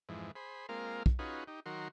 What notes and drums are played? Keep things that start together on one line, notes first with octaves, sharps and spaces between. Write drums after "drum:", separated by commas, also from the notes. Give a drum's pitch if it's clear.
F2 G#2 E3
G#4 C5 B5
G#3 A#3 C4 F4 A#4 F5
drum: kick
C#4 D#4 F4 F#4 G#4 B4
D#4 G4
D#3 F#3 F#4 A#4 C6